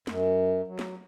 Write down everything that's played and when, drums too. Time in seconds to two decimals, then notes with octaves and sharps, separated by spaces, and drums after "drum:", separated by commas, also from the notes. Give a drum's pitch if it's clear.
0.07 F#2, drum: snare
0.67 F#3
0.79 drum: snare